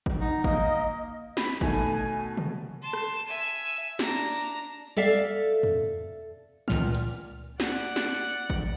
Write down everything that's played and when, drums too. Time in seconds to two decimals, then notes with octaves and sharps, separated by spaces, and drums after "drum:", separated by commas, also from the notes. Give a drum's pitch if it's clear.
0.06 drum: kick
0.21 D#4 F#5
0.44 A#3 D#5, drum: kick
1.37 B5, drum: snare
1.61 B2 D#3 A3 G#5, drum: kick
2.37 drum: tom C3
2.82 A5 C6
2.93 drum: rim click
3.28 E5 G#5
3.99 D4 A#5, drum: snare
4.97 A4 D5 E5 F5, drum: hi-hat
5.63 drum: tom E2
6.68 C#2 A#2 F6, drum: tom D3
6.95 drum: hi-hat
7.60 D5 F#5, drum: snare
7.96 drum: snare
8.50 drum: kick